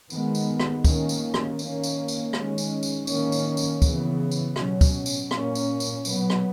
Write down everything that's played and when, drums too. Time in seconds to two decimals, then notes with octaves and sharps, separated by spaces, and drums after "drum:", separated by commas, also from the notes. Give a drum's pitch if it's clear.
0.10 D#3 G#3 B3, drum: tambourine
0.35 drum: tambourine
0.60 drum: rim click
0.84 D#3 A#3 C#4, drum: kick, tambourine
1.09 drum: tambourine
1.34 drum: rim click
1.59 D#3 A#3 C#4, drum: tambourine
1.84 drum: tambourine
2.08 drum: tambourine
2.33 D#3 G#3 C#4, drum: rim click
2.58 drum: tambourine
2.83 drum: tambourine
3.07 D#3 A#3 C#4, drum: tambourine
3.32 drum: tambourine
3.57 drum: tambourine
3.82 C#3 E3 B3, drum: kick, tambourine
4.31 drum: tambourine
4.56 B2 F#3 C#4, drum: rim click
4.81 drum: kick, tambourine
5.06 drum: tambourine
5.31 A#2 A#3 C#4, drum: rim click
5.55 drum: tambourine
5.80 drum: tambourine
6.05 B2 F#3 B3, drum: tambourine
6.30 drum: rim click